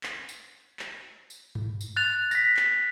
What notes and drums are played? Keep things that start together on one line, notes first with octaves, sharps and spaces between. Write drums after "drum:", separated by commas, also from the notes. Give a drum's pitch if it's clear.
drum: clap
drum: tambourine
drum: clap
drum: tambourine
drum: tom G2
drum: tambourine
F#6 A6 F7
A#6 B6, drum: tambourine
drum: clap